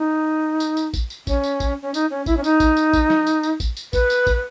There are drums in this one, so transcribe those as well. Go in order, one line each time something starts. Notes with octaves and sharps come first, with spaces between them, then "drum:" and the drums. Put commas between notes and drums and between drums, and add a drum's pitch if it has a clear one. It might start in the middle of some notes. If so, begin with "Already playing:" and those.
Already playing: D#4
drum: tambourine
drum: tambourine
drum: kick, tambourine
drum: tambourine
C#4, drum: kick, tambourine
drum: tambourine
drum: kick, tambourine
C#4
D#4, drum: tambourine
C#4
E4, drum: kick, tambourine
C#4
D#4, drum: tambourine
drum: kick, tambourine
drum: tambourine
drum: kick, tambourine
drum: snare
drum: tambourine
drum: tambourine
drum: kick, tambourine
drum: tambourine
B4, drum: kick, tambourine
drum: tambourine
drum: kick, tambourine